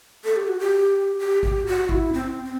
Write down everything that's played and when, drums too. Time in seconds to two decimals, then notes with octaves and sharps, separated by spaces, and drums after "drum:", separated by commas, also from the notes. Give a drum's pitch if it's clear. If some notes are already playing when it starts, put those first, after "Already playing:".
0.24 A4
0.36 G4
0.48 F#4
0.59 G4
1.19 G4
1.43 G4, drum: kick G#1
1.66 F#4
1.89 E4, drum: kick G#1
2.13 C4
2.44 C4